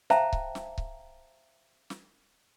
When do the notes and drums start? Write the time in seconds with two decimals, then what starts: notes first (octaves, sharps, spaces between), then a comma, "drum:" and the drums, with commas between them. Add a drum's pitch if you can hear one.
0.10 C5 E5 F5 G5 A5 A#5, drum: snare
0.33 drum: kick C#1
0.55 drum: snare
0.78 drum: kick C#1
1.90 drum: snare